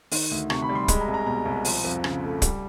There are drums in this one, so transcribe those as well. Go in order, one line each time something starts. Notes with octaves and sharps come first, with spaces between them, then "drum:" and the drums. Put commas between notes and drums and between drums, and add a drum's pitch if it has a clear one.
D#3, drum: open hi-hat
D2
C3 C#6, drum: rim click
B5
G3
C6
G#3 B5, drum: kick, hi-hat
A#5
C2
A#5
B2 A#5
C2
F3, drum: open hi-hat
F2
C#3, drum: rim click
A3
G3, drum: kick, hi-hat